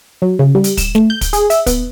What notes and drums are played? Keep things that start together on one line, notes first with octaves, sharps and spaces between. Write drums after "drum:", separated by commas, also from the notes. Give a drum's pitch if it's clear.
F#3
C#3
G3
drum: hi-hat
E7, drum: kick, hi-hat
A3, drum: snare
G6
drum: kick, hi-hat
G#4, drum: hi-hat
E5, drum: hi-hat
B3, drum: kick, hi-hat